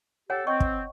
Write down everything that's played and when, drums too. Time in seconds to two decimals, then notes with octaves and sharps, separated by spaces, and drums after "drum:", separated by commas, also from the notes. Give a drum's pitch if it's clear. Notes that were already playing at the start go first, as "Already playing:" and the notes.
0.30 G4 A4 C#5 F#5 G#5
0.47 C4 D#5 G5 C#6
0.60 drum: kick